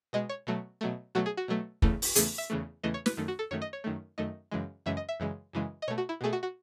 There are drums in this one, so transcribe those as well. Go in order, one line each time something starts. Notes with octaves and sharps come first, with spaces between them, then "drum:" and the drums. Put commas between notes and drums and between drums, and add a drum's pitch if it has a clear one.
B2 G#3 D#5
C#5
B2 F#3 A3
B2 F#3 A3
B2 F#3 A3 F#4
G#4
F#4
B2 F#3 A3
E2 C#3 E3 A3, drum: kick
drum: open hi-hat
E2 C#3 E3 A3 G#4, drum: hi-hat
E5
E2 C#3 E3 A3
E2 C#3 E3 A3 D#5
C#5
B4, drum: snare
F#2 D#3 A3
F#4
A4
F#2 D#3 A3 C#5
D#5
C#5
F#2 D#3 A3
F#2 D#3 A3 D#5
F#2 C#3 E3 G#3
F#2 C#3 E3 G#3 E5
D#5
E5
F#2 C#3 E3 G#3
F#2 C#3 E3 G#3
D#5
B2 A3 C#5
F#4
E4
B2 A3 G#4
F#4
F#4